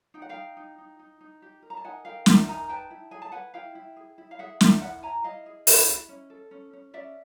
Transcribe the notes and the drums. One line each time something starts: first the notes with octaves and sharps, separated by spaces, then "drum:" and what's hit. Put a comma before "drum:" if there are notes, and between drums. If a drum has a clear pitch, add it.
D#4 G5
F#5
F5 G5
D#4
D#4
D#4
D#4
D#4
G4
A#4
A#5
A5
D#4 F#5 G#5
A#4 F5 G5
A#4 E5 F#5, drum: snare
D#4 G#5 A#5
B4 G5 A5
E4
G#4 G#5
A5
B4 F#5 G#5
E4 F5 G5
E4
G#4
E4
F5
G#4 E5 F#5
E4 E5 F#5, drum: snare
E4 E5 F#5
E4 G#5 A#5
E4 D#5 F5
G#4
E4, drum: open hi-hat
E4
C#4
A4
C#4
C#4
C#4 D5 E5